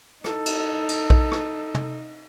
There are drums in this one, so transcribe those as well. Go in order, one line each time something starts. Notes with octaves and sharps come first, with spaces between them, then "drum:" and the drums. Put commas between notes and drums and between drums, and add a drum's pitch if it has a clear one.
D#4 A4, drum: rim click
drum: cymbal
drum: cymbal
drum: kick A#1
drum: rim click
drum: tom